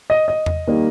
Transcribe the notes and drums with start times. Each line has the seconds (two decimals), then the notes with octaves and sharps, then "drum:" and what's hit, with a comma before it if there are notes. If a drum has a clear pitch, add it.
0.10 D#5
0.28 D#5
0.46 drum: tom E2
0.67 D#3 G3 A#3